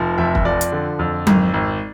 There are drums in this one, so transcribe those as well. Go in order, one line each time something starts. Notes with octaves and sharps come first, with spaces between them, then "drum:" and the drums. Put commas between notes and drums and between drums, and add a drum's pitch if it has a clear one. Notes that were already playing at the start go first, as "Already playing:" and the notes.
Already playing: F1 F3
F2 E5
drum: kick
F3 D5
drum: hi-hat
D3
F2
G#1, drum: tom F#3
G#1